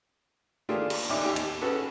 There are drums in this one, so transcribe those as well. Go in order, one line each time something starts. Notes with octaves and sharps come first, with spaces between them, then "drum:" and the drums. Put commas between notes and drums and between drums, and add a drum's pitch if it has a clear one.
A3 A#3 D4 F4 G4 G#4
drum: cymbal
A1 D2 D#4 D5 E5 D6
D#2 G4
drum: cymbal
C#4 F#4 G#4 A4 B4